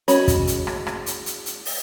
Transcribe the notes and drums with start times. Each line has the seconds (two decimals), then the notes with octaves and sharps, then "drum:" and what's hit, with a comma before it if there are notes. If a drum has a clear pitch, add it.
0.08 G#3 C#4 F#4 C#5 B5, drum: hi-hat
0.28 drum: kick, hi-hat
0.47 drum: hi-hat
0.67 drum: rim click
0.87 drum: rim click
1.06 drum: hi-hat
1.26 drum: hi-hat
1.46 drum: hi-hat
1.65 drum: open hi-hat